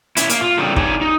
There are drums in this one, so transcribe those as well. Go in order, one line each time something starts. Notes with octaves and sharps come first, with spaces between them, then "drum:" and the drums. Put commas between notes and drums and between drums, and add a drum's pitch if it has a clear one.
C#4 E4, drum: hi-hat
A#3, drum: hi-hat
F4
C#3 G3 C4 D4 D#4 A4
D#4 G4 C#5 D5 G#5, drum: kick
D#4